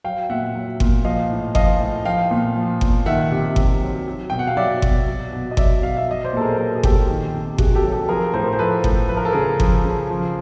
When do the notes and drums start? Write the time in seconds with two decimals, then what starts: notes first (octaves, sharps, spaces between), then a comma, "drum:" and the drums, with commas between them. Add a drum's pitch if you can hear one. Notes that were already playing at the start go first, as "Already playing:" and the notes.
0.04 F#3 F5 G5
0.30 A#2 E5 F#5
0.55 F#3
0.80 A#2, drum: kick G1
1.05 F3 D#5 F5
1.30 A2
1.55 F3 D#5 F5, drum: kick G1
1.81 A2
2.05 F3 F5 G5
2.31 A#2
2.56 F3
2.81 A#2, drum: kick G1
3.06 D#3 E5 F#5
3.31 C3
3.56 C3, drum: kick G1
3.82 F#3
4.07 F#3
4.30 B2 G5
4.39 F#5
4.47 F5
4.57 F#3 D5 E5
4.82 B2, drum: kick G1
5.07 F#3
5.32 B2
5.51 D#5
5.57 F#3 D5 E5, drum: kick G1
5.82 B2 F5
5.97 E5
6.07 F#3 D#5
6.24 C5 D5
6.33 A#2 A4
6.41 G#4 A#4
6.57 F#3 A#4
6.66 A4
6.75 G#4
6.83 A#2 G4 A4, drum: kick G1
7.08 D#3
7.34 C3
7.58 C3 F#4 G#4, drum: kick G1
7.75 G4 A4
7.84 F#3
7.92 G4 A4
8.09 F3 G#4 A#4
8.34 A2 A#4 C5
8.53 C5
8.59 F3 A4 B4
8.84 A2, drum: kick G1
9.09 F3 B4
9.17 A#4
9.25 A4
9.33 C#3 G#4 A#4
9.60 F3, drum: kick G1
9.85 C#3
10.10 F3